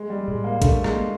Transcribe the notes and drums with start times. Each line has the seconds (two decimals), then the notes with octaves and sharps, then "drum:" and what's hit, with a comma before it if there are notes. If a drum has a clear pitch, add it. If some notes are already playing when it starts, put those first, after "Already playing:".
Already playing: G#3
0.10 G3
0.28 A2 G#3
0.44 A#3
0.62 A3 D4, drum: kick, hi-hat
0.84 G#3, drum: rim click
0.95 A#3